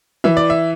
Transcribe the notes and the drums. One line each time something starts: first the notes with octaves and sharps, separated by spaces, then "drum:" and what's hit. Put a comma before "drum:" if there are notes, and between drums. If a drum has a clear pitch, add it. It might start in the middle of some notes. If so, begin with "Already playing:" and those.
E3 E5, drum: tom
D5
E5